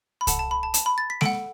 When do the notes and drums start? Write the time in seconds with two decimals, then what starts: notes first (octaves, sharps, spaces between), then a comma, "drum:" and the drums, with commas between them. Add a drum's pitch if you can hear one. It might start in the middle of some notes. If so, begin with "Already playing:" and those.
0.21 B5
0.27 A4 F#5 A5, drum: kick C2, hi-hat
0.39 A5
0.51 B5
0.63 A5
0.74 A5, drum: hi-hat
0.86 B5
0.98 A6
1.10 B6
1.21 A4 F#5 D7, drum: snare G#3